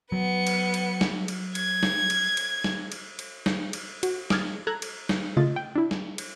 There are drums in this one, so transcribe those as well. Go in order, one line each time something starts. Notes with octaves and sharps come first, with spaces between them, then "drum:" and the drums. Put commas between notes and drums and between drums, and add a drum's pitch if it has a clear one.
F#3 B3 C#7
drum: cymbal
drum: cymbal
drum: snare
drum: cymbal
G#6, drum: cymbal
drum: snare
drum: cymbal
drum: cymbal
drum: snare
drum: cymbal
drum: cymbal
drum: snare
drum: cymbal
F#4, drum: cymbal
D6 D#6 F6 G#6 A6, drum: snare
A4 A#5 F#6 G#6
drum: cymbal
drum: snare
C#3 A3 F4 D#5 A6
G5
D4 E4
drum: snare
drum: cymbal